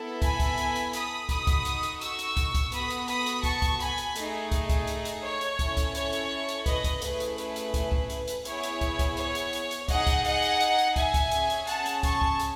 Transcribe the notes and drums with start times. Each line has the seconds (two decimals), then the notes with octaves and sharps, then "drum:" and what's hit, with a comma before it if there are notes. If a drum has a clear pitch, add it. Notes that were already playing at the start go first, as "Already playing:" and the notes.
Already playing: B3 E4 A4
0.22 G#5 B5, drum: kick, hi-hat
0.40 drum: kick, hi-hat
0.58 drum: hi-hat
0.76 drum: hi-hat
0.93 B5 D#6, drum: hi-hat
1.29 D#4 F#4 A4 B5 D#6, drum: kick, hi-hat
1.47 drum: kick, hi-hat
1.65 drum: hi-hat
1.83 drum: hi-hat
2.01 C#6 E6, drum: hi-hat
2.19 drum: hi-hat
2.37 drum: kick, hi-hat
2.55 drum: kick, hi-hat
2.72 B3 F#4 A4 B5 D#6, drum: hi-hat
2.90 drum: hi-hat
3.08 B5 D#6, drum: hi-hat
3.26 drum: hi-hat
3.43 A5 C#6, drum: kick, hi-hat
3.62 drum: kick, hi-hat
3.80 G#5 B5, drum: hi-hat
3.98 drum: hi-hat
4.15 A3 D#4 G#4, drum: hi-hat
4.52 drum: kick, hi-hat
4.69 drum: kick, hi-hat
4.87 drum: hi-hat
5.05 drum: hi-hat
5.23 C#5
5.41 drum: hi-hat
5.59 C#4 E4 A4, drum: kick, hi-hat
5.77 drum: kick, hi-hat
5.95 C#5, drum: hi-hat
6.13 drum: hi-hat
6.49 drum: hi-hat
6.66 B4 D#5, drum: kick, hi-hat
6.84 drum: kick, hi-hat
7.02 A3 C#4 E4 G#4 B4, drum: hi-hat
7.20 drum: hi-hat
7.38 B4, drum: hi-hat
7.56 drum: hi-hat
7.74 drum: kick, hi-hat
7.92 drum: kick
8.10 drum: hi-hat
8.28 drum: hi-hat
8.45 B3 E4 G#4 C#5, drum: hi-hat
8.63 drum: hi-hat
8.81 drum: kick, hi-hat
8.99 drum: kick, hi-hat
9.17 C#5, drum: hi-hat
9.35 drum: hi-hat
9.53 drum: hi-hat
9.71 drum: hi-hat
9.88 D#4 G#4 D#5 F#5, drum: kick, hi-hat
10.07 drum: kick, hi-hat
10.25 D#5 F#5, drum: hi-hat
10.42 drum: hi-hat
10.60 drum: hi-hat
10.78 drum: hi-hat
10.96 E5 G#5, drum: kick, hi-hat
11.14 drum: kick, hi-hat
11.31 C#4 G#4, drum: hi-hat
11.50 drum: hi-hat
11.67 F#5 A5, drum: hi-hat
11.86 drum: hi-hat
12.03 A5 C#6, drum: kick, hi-hat
12.22 drum: kick
12.39 drum: hi-hat